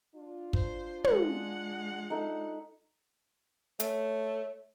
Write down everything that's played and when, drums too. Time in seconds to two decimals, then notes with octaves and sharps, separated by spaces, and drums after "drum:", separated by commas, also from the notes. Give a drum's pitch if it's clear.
0.14 D4 F4
0.53 C5, drum: kick
1.04 G#3 F#5, drum: tom
2.10 D#4 A4 E5
3.80 A3 C#5, drum: hi-hat